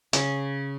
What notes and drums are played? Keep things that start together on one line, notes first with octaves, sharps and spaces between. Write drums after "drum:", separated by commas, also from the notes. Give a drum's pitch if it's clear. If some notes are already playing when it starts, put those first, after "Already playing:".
C#3, drum: hi-hat